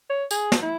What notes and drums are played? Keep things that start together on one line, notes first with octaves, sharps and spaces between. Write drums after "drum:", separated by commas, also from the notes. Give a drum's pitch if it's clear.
C#5
G#4, drum: tambourine
drum: snare
E4